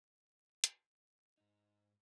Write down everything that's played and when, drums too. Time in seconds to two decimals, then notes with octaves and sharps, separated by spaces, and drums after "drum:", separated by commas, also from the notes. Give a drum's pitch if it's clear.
0.64 drum: hi-hat
1.38 G#2 D#4